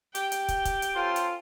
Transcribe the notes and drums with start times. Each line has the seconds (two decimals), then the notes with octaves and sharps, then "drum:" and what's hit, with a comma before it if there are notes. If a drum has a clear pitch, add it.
0.15 G4 G5, drum: hi-hat
0.32 drum: hi-hat
0.48 drum: kick, hi-hat
0.65 drum: kick, hi-hat
0.82 drum: hi-hat
0.96 C#4 F4 A4 C5
1.16 drum: hi-hat